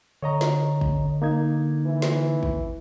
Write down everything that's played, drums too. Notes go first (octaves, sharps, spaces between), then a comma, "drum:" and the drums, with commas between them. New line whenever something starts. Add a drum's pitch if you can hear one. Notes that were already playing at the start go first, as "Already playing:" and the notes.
D3 C#5 D#5 A#5
drum: snare
drum: kick
A#3 D#4 G#6
E3
drum: snare
drum: kick